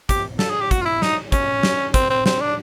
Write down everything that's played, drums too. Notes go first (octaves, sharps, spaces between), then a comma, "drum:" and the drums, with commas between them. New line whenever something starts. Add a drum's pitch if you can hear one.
G4, drum: kick, hi-hat
A4, drum: snare
G#4
G4
F#4, drum: kick, hi-hat
F4
E4
D#4, drum: snare
C#4, drum: kick, hi-hat
drum: snare
C4, drum: kick, hi-hat
C4
C4, drum: snare
D4